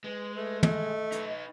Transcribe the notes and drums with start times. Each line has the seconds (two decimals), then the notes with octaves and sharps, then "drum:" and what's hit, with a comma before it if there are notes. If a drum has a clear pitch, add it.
0.04 G#3 B4
0.35 A3 B4
0.63 A3 D#5, drum: tom
1.12 D#4 B4, drum: hi-hat